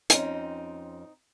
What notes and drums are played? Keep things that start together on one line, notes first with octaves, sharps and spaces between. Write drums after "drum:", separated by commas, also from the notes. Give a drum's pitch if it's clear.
F2 C4 C#4 D#4, drum: hi-hat